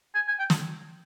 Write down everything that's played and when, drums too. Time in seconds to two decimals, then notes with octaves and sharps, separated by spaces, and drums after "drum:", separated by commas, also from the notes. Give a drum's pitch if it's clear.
0.15 G#5
0.28 G#5
0.39 G5
0.50 drum: snare